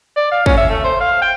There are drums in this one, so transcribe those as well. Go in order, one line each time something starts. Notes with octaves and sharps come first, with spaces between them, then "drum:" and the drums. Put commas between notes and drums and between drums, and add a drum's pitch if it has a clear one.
D5
F5
C#4, drum: kick
E5
A3
C5
F5
G5